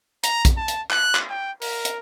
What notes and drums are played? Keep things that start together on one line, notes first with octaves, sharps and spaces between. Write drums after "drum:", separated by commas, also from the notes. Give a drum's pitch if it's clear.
A#5, drum: hi-hat
drum: kick A#1, hi-hat
A5
drum: hi-hat
F#6, drum: clap
drum: clap
G5
A#4, drum: open hi-hat
drum: hi-hat